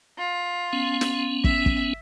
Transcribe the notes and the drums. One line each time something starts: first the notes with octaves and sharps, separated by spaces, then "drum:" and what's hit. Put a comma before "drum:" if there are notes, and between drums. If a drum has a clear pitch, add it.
F4
B3 C#4
drum: snare
E5, drum: kick
drum: kick